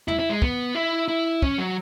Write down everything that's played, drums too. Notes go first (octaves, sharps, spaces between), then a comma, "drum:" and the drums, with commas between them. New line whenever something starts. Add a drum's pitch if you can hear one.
E4, drum: tom
E4
G#3
B3, drum: kick
E4
E4
C#4, drum: kick
F#3